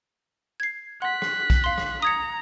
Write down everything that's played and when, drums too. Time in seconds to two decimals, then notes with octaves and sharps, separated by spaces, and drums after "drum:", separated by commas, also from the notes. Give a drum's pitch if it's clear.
0.60 G#6 C7
1.02 F#5 C6 F#6 B6
1.22 drum: rim click
1.50 drum: kick A#1, hi-hat
1.64 F5 C6
1.78 drum: rim click
2.02 A#5 D#6 G#6 C#7